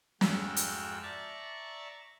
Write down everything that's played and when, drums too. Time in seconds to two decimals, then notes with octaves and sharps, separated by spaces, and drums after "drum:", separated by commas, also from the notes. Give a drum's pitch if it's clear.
0.21 F2 G#2 F#4 G5 E6 F6, drum: snare
0.56 drum: hi-hat
1.02 D5 E5 A5 A#5 C#6